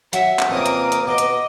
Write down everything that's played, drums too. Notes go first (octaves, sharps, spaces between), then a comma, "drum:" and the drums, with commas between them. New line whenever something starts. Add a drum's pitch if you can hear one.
F#3 E5 F#5, drum: hi-hat
drum: clap
F2 C#3 A#3 A#4 B4 D6 D#6
drum: hi-hat
drum: hi-hat
B2 D#5 D6
drum: hi-hat